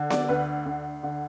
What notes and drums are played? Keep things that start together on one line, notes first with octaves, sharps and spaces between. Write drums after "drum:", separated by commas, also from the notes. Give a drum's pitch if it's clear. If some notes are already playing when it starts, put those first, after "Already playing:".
Already playing: D3
D5, drum: snare B3
D2 B4
D2
D3